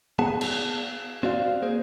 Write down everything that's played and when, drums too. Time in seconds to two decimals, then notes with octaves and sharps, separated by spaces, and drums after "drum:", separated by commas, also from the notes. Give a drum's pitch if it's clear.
0.19 B3 G#4 F#5 A5
0.41 drum: cymbal
1.23 C4 F#4 D5 F5
1.62 A#3 G#4 C5